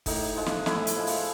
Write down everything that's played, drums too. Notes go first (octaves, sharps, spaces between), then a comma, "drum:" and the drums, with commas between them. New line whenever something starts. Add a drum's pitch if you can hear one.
A2 D#4, drum: kick, open hi-hat
F3 G#3
drum: snare
A2 E4, drum: snare
drum: hi-hat
F3 G#3
drum: open hi-hat